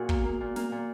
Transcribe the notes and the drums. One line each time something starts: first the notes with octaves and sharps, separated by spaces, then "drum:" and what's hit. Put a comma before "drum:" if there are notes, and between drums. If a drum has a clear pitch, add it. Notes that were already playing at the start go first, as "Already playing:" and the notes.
Already playing: A#2 F#4 G#4
A#3, drum: kick
A#3
A#2
A#3, drum: snare
A#2